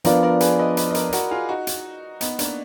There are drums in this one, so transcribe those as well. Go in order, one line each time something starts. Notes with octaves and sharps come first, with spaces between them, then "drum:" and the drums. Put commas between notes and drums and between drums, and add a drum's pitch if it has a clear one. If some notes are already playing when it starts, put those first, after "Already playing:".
F3 B3 D4 F4 A#4 D5, drum: hi-hat
A#4 D5
G#4 B4, drum: hi-hat
B4 D#5
B4 D#5, drum: hi-hat
D#5
A#4 D5, drum: hi-hat
F#4 A#4, drum: hi-hat
F4 G#4
D#4 F#4
drum: hi-hat
B3 D#4, drum: hi-hat
A#3 D4, drum: hi-hat